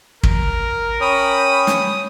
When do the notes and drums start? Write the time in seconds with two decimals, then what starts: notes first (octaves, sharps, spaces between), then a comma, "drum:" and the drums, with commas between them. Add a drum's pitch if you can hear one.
0.23 A#4, drum: kick
1.01 C#4 G5 B5 C#6 D#6
1.67 drum: snare